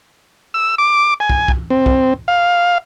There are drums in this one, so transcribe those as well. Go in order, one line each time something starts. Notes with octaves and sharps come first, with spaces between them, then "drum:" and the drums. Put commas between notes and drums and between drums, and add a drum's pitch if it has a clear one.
E6
D6
G#5
drum: kick
drum: kick
C4
drum: kick
F5